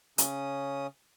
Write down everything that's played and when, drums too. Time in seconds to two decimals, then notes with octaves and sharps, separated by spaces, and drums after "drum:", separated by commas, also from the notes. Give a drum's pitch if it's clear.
0.18 C#3 C#4 D#6, drum: hi-hat